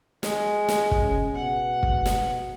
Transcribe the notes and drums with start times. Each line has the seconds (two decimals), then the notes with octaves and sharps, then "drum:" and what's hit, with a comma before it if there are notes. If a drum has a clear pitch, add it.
0.23 G#3, drum: snare
0.69 drum: snare
0.91 drum: kick
1.02 C#3
1.35 B2 F#5
1.83 drum: kick
2.06 drum: snare